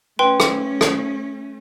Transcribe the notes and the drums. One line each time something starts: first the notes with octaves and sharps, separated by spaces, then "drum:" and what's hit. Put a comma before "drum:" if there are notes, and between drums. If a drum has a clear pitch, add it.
A3 C#4 B4 G5 C6
drum: rim click
drum: rim click